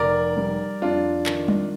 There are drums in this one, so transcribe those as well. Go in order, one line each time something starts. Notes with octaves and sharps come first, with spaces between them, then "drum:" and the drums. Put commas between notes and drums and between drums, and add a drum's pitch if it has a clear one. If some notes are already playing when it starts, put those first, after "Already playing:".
Already playing: F1 A#4 D5
G3
F2 D4 F4
D#3, drum: clap
drum: tom G3